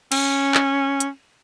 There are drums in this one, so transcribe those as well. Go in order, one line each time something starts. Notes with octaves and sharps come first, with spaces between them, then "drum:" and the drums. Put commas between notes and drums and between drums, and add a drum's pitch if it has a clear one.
C#4, drum: cymbal
drum: clap
drum: hi-hat